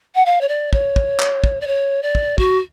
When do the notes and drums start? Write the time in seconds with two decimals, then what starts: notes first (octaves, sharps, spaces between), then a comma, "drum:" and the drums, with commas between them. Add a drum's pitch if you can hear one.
0.15 F#5
0.25 F5
0.41 C#5
0.48 D5
0.73 C#5, drum: kick
0.96 drum: kick
1.20 drum: clap
1.44 drum: kick
1.61 D5
1.67 C#5
2.02 D5
2.15 drum: kick
2.38 F#4, drum: kick